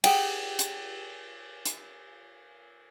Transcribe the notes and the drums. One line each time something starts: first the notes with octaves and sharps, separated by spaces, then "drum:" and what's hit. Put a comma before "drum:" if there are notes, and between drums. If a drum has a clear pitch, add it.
G4 G#4 F#5 G5, drum: cymbal
drum: hi-hat
drum: hi-hat